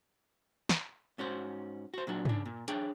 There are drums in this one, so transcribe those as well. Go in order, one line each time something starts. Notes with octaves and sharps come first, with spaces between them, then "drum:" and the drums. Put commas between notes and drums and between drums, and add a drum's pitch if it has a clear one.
drum: snare
G#2 C#4 F#4 C5
F#4 C5
A#2 F#3 D4
C#3 D4, drum: tom
A#2
D4 G#4 C#5 G5, drum: hi-hat